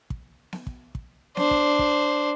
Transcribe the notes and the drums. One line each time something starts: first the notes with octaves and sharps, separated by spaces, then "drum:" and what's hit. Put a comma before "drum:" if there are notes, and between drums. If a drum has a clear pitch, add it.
drum: kick
drum: snare B3
drum: kick
drum: kick
D4 C5, drum: snare B3
drum: kick
drum: kick